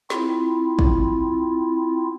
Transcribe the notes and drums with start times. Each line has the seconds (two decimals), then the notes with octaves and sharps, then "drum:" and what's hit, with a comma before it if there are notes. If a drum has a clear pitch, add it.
0.10 C4 E4 F4, drum: snare
0.79 drum: kick